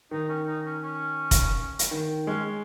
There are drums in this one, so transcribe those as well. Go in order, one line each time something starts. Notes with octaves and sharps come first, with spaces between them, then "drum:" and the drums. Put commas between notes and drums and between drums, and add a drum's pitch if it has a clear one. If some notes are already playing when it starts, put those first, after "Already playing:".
D#3 D#4
C#4
D#4
C#4
C#4
drum: kick F1, hi-hat
drum: hi-hat
D#3
G#3 C#4